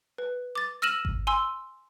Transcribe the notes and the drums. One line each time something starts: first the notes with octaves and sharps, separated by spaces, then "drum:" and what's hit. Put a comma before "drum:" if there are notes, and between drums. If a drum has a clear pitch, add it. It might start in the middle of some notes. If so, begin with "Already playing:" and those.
B4
D6 A6
E6 F6 A#6 D#7 E7 F#7
drum: kick G#1
G#5 C6 E6